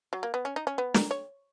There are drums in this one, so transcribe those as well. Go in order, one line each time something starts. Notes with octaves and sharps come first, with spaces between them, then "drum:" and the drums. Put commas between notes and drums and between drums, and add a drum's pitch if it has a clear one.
F#3
A#3
B3
C#4
D#4
C#4
B3
A#4, drum: snare
C#5